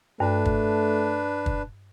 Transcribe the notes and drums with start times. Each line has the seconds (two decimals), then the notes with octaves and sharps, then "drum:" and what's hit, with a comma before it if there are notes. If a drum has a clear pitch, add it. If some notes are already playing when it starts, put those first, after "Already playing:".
0.20 G2 A3 D4 B4
0.45 drum: kick
1.46 drum: kick